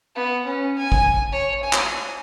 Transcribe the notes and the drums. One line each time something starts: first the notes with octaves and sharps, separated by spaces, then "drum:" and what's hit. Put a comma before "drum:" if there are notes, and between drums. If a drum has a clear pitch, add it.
B3
C#4
G#5
drum: kick A1
C#5
G#5
drum: clap